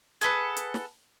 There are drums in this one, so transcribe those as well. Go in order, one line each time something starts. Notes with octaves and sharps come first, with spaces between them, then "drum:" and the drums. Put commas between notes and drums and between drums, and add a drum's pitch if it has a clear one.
G#4 A4 B4 F#5, drum: hi-hat
drum: hi-hat
drum: snare